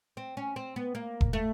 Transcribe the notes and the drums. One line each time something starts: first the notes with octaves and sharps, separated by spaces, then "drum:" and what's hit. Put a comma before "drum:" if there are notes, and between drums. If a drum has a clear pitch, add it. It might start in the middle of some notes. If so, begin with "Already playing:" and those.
C4
C#4
C4
B3
A#3
drum: kick E1
A3